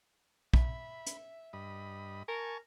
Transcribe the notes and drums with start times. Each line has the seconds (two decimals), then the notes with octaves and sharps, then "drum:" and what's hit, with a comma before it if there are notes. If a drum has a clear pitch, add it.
0.54 E5 B5, drum: kick
1.07 drum: hi-hat
1.53 G2 D#5 B5
2.28 A#4 G#5 A5 C#6